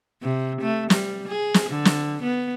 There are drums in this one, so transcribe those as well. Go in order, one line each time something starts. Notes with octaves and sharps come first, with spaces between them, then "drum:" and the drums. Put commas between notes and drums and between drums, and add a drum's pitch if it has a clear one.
C3
A3
G3, drum: snare
G#4
drum: snare
D3
drum: snare
B3